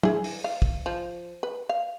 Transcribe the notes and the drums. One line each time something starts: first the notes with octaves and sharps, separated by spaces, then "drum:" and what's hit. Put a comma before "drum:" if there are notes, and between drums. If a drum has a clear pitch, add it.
E4 G#4, drum: tom
drum: open hi-hat
F5
drum: kick
F3
B4
F5